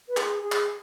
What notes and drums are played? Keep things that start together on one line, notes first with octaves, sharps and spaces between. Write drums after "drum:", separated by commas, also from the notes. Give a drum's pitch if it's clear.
B4
G#4, drum: clap
G#4
drum: clap